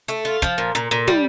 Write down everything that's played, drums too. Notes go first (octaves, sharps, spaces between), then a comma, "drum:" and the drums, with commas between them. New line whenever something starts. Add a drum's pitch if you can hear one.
A3, drum: hi-hat
F4
F3, drum: kick, hi-hat
A#2
A#2, drum: hi-hat
A#2
G3, drum: tom